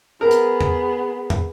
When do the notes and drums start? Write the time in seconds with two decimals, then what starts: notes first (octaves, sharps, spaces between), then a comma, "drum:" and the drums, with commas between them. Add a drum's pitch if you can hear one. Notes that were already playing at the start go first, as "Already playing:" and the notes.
0.21 B3 G#4 A#4
0.31 drum: hi-hat
0.61 drum: tom
1.30 drum: tom